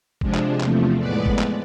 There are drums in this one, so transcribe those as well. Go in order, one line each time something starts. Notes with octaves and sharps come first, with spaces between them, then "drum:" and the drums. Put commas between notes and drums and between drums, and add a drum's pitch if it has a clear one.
C3 F3 G#3 D4, drum: kick
drum: clap
E2 C3 F3 A3, drum: clap
A2 G#3 B3 B4 D5
drum: kick
drum: clap